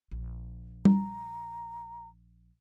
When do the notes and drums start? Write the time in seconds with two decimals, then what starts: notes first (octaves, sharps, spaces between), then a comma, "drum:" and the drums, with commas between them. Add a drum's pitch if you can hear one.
0.11 A#1
0.85 A#5, drum: tom G3